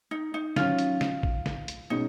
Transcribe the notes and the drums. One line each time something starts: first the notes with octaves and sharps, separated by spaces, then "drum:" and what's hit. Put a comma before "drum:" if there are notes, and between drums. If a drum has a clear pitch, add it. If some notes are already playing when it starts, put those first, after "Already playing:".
D#4
D#4
D#3 F#3 C#4 F4, drum: snare
drum: hi-hat
drum: snare
drum: kick
drum: snare
drum: hi-hat
B2 G#3 C#4 D#4